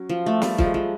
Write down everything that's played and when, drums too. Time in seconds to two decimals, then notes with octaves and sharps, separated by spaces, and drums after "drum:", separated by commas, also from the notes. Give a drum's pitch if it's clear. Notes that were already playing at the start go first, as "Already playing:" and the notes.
Already playing: F#3 C#4
0.09 F3
0.26 A3
0.42 G3 A3, drum: snare
0.58 F3 G#3, drum: kick
0.74 F3